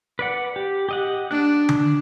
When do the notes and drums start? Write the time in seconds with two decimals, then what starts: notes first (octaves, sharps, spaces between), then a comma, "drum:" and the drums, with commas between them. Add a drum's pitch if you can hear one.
0.19 B4 D5 F#5
0.56 G4
0.89 G4 D#5 F#5
1.31 D4 F#6
1.69 drum: tom D3